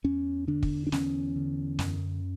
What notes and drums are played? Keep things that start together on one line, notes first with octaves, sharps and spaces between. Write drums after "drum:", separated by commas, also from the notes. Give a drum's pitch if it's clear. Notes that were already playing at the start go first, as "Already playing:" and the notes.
E2 C#4
D3 D4
drum: kick
D4
E2 C#4, drum: snare
D3
F#2, drum: snare